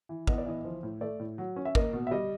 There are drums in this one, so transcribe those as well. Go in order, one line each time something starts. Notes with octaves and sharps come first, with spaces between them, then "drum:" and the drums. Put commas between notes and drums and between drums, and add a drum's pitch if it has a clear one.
E3
B3 D#5, drum: kick
D5
E3 D#5
F3
A2
A3 D5
A2
F#3
C#4
E5
A#3 D#5, drum: kick
B2
E5
G3 D#5